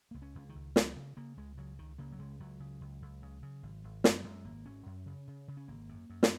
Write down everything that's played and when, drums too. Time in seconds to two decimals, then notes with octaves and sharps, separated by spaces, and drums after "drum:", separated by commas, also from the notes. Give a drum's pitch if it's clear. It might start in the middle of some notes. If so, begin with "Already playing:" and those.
0.11 C#2 A#3
0.22 C#4
0.35 C#2
0.49 D#3
0.55 C#2
0.76 C#3 F#3, drum: snare
0.97 C#3
1.17 C#3 A#3
1.37 C#2 G#3
1.58 C#3 F#3
1.79 C#2 D#3
1.98 C#3 A#3
2.12 F#3
2.19 C#2 G#3
2.40 C#2 F#3
2.60 C#3
2.81 C#2
3.02 C#2
3.23 C#3
3.43 C#3
3.63 G#1
3.84 G#1
4.04 F#2 F#3, drum: snare
4.24 F#2 G#3
4.45 G#1 A#3
4.65 G#1 C#4
4.86 F#2
5.06 C#3
5.28 C#3
5.48 C#3
5.57 C#4
5.68 G#1 A#3
5.89 F#2
6.10 F#2
6.23 drum: snare